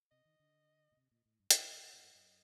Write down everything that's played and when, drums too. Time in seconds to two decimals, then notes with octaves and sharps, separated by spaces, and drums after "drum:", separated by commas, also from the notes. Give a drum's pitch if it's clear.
0.11 C3 D#5
0.25 D#3
0.40 D3
0.92 A#2
0.97 C3
1.11 A#2
1.26 A2
1.40 G2
1.51 G2, drum: hi-hat
1.61 A#2
1.72 C3
1.83 A#2 F#5
1.93 A#2 F#5
2.04 G2
2.11 F#2 D#5